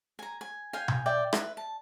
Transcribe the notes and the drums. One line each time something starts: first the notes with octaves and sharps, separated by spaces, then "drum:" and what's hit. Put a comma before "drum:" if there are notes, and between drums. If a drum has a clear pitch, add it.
G#5 A#5
G#5
F5 G5 G#5
drum: tom B2
D5 E5 G5
B4 E5, drum: rim click
A5